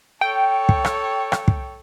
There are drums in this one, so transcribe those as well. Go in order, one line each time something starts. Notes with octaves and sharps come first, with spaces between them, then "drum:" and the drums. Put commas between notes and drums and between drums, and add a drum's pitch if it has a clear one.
A4 C#5 G5
drum: kick
drum: rim click
drum: rim click
drum: kick